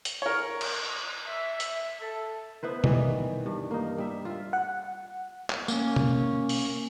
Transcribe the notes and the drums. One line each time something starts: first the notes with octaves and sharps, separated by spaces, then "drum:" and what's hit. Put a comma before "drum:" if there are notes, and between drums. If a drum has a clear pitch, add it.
drum: hi-hat
A#4 C#5
drum: cymbal
E5
E5, drum: hi-hat
A4
B3 E4 B4 C5
D#3 E3 G3, drum: tom B2
G2
A#3 D#4
G3 E5
F4 E5
F#5
drum: clap
A#3 C#4, drum: tambourine
drum: tom B2
drum: open hi-hat